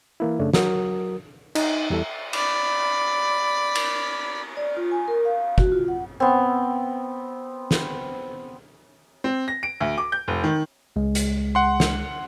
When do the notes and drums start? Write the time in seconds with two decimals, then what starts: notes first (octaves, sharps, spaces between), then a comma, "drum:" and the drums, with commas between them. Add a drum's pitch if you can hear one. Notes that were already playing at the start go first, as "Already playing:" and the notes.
0.20 E3 A#3 E4
0.40 F#2 C#3 A3 D4
0.53 F#3 F#4 A#4 D#6, drum: snare
1.55 D#4, drum: cymbal
1.90 E2 G3 E4 A4
2.33 D5 B5, drum: cymbal
3.75 drum: cymbal
4.57 D5
4.77 F4
4.91 G#5
5.08 A#4
5.25 F5
5.58 F#4, drum: kick
5.72 F4
5.88 F#5
6.20 B3 C4
7.71 drum: snare
9.24 C4
9.48 A#6
9.63 D7
9.80 D2
9.98 D6
10.12 G6
10.28 F1
10.44 D#3
10.96 C#2 G#3
11.15 drum: hi-hat
11.55 F#5 C6
11.80 drum: snare